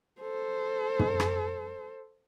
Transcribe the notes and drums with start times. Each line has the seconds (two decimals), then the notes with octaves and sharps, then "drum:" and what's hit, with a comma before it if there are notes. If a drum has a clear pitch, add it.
0.21 A4 C5
0.99 drum: tom
1.20 drum: rim click